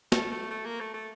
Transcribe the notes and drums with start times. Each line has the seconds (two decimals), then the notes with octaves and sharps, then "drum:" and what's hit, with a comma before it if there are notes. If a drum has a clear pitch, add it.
0.12 A3, drum: snare
0.31 A3
0.51 A3
0.65 A#3
0.80 A3
0.94 A3